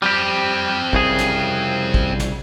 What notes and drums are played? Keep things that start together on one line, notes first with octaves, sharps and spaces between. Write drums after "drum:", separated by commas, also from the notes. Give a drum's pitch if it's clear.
F3 G3 C4 G4
C2 C#3 G#4, drum: kick
drum: snare
drum: kick
drum: snare